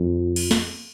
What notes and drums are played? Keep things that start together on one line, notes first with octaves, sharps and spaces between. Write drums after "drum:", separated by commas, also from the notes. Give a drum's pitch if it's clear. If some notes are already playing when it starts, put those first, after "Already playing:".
Already playing: F2
drum: cymbal
drum: snare